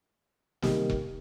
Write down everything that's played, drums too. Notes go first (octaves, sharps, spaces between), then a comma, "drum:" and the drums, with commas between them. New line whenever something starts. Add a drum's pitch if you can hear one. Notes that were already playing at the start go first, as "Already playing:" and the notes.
C3 D#3 G3 A#3, drum: snare
drum: kick E1